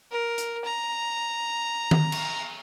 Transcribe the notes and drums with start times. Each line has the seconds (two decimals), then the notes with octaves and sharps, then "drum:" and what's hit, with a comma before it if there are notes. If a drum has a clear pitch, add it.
0.11 A#4
0.38 drum: hi-hat
0.65 A#5
1.91 drum: tom D#3
2.12 drum: cymbal